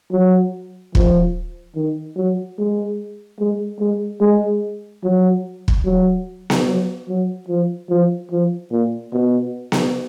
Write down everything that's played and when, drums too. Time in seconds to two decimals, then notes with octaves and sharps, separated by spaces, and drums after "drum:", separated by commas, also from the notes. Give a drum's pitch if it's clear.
0.12 F#3
0.95 F3, drum: kick
1.76 D#3
2.16 F#3
2.59 G#3
3.40 G#3
3.80 G#3
4.21 G#3
5.04 F#3
5.68 drum: kick
5.85 F#3
6.50 drum: snare B3
6.67 F#3
7.09 F#3
7.49 F3
7.90 F3
8.32 F3
8.72 A#2
9.13 B2
9.72 drum: snare B3